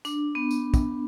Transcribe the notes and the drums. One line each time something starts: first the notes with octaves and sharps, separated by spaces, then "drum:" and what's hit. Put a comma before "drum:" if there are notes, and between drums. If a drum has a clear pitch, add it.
D4, drum: tambourine
B3
drum: tambourine
drum: kick, tambourine